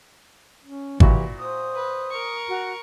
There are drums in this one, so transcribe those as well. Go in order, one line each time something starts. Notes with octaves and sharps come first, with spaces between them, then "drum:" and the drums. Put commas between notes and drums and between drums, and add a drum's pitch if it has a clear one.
C#4
A#2 E3 E4 F#4 G4, drum: kick
C5 D#6
B4
A#4 C#6
F#4